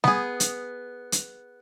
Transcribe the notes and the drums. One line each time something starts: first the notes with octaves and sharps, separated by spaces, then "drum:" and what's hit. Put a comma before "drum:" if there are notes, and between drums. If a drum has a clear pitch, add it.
B3 G#4, drum: snare G3
drum: hi-hat
drum: hi-hat